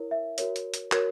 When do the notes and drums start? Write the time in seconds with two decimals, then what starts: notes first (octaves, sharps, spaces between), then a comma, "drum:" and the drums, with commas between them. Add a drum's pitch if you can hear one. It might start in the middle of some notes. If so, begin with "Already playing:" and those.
Already playing: E4 A#4 C#5
0.11 E5
0.38 F#4 A#4 C#5, drum: hi-hat
0.56 drum: hi-hat
0.74 drum: hi-hat
0.92 F#4 A#4 C#5, drum: clap